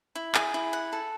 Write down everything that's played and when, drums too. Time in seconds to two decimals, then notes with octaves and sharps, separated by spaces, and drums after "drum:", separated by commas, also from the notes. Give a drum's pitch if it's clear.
0.15 E4
0.35 G#4, drum: clap
0.54 E4
0.73 F#5
0.93 A4